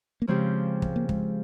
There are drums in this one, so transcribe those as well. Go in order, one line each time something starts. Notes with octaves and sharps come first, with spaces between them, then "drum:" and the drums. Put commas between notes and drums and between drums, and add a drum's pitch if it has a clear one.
A#3
C#3 F3 G#3 C4 G4
drum: kick
A#3
G#3, drum: kick